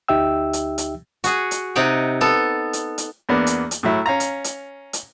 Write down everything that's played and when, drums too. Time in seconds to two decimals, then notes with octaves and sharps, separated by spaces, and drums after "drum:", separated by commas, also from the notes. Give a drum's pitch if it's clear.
0.08 D2 D#4 G4 E5 G5 E6
0.53 drum: hi-hat
0.78 drum: hi-hat
1.24 F#4 G#4, drum: hi-hat
1.51 drum: hi-hat
1.76 C3 D#4 F#5 G5
2.21 B3 A4
2.73 drum: hi-hat
2.98 drum: hi-hat
3.29 E2 A#3 B3 D4
3.47 drum: hi-hat
3.71 drum: hi-hat
3.83 A2 F#3 E4
4.06 C#4 F5 A#5
4.20 drum: hi-hat
4.44 drum: hi-hat
4.93 drum: hi-hat